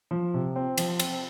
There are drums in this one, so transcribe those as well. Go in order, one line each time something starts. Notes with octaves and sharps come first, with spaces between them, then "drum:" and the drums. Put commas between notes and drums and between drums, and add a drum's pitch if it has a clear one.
F3
C3
C4
F3, drum: cymbal
C4, drum: cymbal